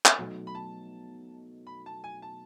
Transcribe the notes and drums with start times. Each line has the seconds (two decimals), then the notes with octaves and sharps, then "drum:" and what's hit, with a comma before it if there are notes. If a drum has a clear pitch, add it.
0.06 drum: clap
0.18 B2 F#3 A3 D#4
0.47 B5
0.55 A5
1.67 B5
1.86 A5
2.04 G#5
2.22 A5